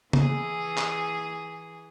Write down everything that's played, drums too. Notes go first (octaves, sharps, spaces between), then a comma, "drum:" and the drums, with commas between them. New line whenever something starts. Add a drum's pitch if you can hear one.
E3 G#4, drum: tom C#3
drum: clap